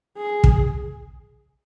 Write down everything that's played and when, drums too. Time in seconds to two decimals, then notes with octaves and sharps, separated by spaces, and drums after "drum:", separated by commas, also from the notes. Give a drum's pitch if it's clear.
0.18 G#4
0.44 drum: kick